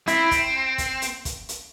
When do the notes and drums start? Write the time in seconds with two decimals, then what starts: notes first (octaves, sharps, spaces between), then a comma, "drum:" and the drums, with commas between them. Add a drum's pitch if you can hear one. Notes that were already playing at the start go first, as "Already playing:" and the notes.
0.07 C4 E4, drum: hi-hat
0.31 drum: kick, hi-hat
0.78 drum: kick, hi-hat
1.02 drum: hi-hat
1.25 drum: kick, hi-hat
1.49 drum: hi-hat